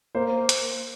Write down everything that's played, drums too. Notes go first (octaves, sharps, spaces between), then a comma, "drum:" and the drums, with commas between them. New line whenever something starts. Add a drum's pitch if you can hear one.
A#3 C5
drum: hi-hat